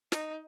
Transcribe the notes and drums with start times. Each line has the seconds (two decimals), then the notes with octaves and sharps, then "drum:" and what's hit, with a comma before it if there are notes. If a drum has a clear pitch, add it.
0.12 D#4, drum: snare